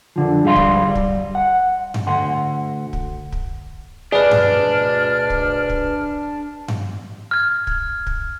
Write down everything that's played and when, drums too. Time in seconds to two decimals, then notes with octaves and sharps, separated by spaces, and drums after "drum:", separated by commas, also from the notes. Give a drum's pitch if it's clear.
0.16 F2 D3 F3
0.44 G#2 G3 G4 F5 C6
0.56 drum: kick
0.82 G3
0.95 drum: kick
1.35 F#5
1.94 drum: tom G2
2.07 D2 F#5 C6
2.93 drum: kick
3.32 drum: kick
4.12 D2 B2 D4 G#4 B4 D5 F6
4.31 drum: tom G2
5.30 drum: kick
5.70 drum: kick
6.68 drum: tom G2
7.31 F6 G#6
7.67 drum: kick
8.07 drum: kick